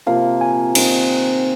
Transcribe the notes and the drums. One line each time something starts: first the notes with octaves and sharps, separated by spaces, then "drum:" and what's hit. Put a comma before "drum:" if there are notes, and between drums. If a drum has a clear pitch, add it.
C3 F3 A#3 F5
G#5
D#3 C4 D#4, drum: cymbal